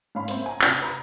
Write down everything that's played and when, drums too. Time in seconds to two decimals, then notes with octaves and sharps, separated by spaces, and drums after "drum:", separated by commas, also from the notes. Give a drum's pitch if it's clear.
0.15 G#2 C#4 F5 B5 C6
0.28 A#3 C4 C#4 A#4 C5 E5, drum: hi-hat
0.46 G#5 A#5
0.62 C3 D4 F#4, drum: clap
0.82 B4 A#5 B5